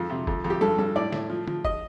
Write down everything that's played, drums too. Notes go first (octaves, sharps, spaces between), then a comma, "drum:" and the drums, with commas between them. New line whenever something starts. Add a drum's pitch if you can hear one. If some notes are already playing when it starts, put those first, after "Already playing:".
Already playing: F2 F4
C3
F2, drum: kick F#1
F2
G4
G2 A4
G2 A4
A2 D5
A2, drum: snare
F3
F3, drum: tom D3
D#5, drum: kick F#1